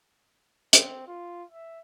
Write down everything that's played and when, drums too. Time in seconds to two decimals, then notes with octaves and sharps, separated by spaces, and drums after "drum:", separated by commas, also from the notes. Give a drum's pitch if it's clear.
0.73 C4, drum: hi-hat
1.07 F4
1.51 E5